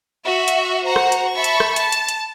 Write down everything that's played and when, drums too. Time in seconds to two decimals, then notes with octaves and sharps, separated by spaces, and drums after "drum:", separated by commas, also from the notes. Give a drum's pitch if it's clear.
0.23 F#4 E5
0.48 drum: hi-hat
0.84 F#4 C5 F#5 A#5
0.96 drum: rim click
1.12 drum: hi-hat
1.32 E5 A5 B5 C#6
1.44 drum: hi-hat
1.60 drum: rim click
1.76 A5, drum: hi-hat
1.92 drum: hi-hat
2.09 drum: hi-hat